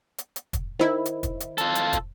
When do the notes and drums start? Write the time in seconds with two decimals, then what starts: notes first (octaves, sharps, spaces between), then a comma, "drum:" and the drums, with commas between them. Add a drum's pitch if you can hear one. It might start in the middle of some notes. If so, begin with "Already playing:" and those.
0.18 drum: hi-hat
0.36 drum: hi-hat
0.53 drum: kick, hi-hat
0.79 D#3 E4 A#4 C5 D#5
1.06 drum: hi-hat
1.23 drum: kick, hi-hat
1.40 drum: hi-hat
1.58 F4 A4, drum: hi-hat
1.75 drum: hi-hat
1.93 drum: kick, hi-hat